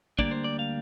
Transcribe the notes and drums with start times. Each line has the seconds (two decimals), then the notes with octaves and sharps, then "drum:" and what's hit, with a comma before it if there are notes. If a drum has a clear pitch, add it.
0.19 D2 D3 G3 A#3 D4 D5, drum: kick
0.31 C5
0.44 D5
0.59 F5